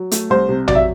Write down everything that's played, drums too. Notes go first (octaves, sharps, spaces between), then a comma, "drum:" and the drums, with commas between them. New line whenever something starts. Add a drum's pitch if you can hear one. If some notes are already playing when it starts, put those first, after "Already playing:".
Already playing: F#3
A3, drum: hi-hat
C2 C5
C3
F#3 D5, drum: tom A#1
E5